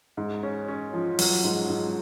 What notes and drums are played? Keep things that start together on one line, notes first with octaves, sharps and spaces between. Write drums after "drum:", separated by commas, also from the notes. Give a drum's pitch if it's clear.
G#2
C#4
C#4
F3
F#3, drum: open hi-hat
G#2
G#2